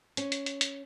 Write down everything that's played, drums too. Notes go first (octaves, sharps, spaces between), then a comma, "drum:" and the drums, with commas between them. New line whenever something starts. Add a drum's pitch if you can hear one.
C#4, drum: hi-hat
drum: hi-hat
drum: hi-hat
drum: hi-hat